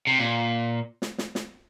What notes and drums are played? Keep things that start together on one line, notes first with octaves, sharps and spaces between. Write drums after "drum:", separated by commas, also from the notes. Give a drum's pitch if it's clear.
C3
A#2
drum: snare
drum: snare
drum: snare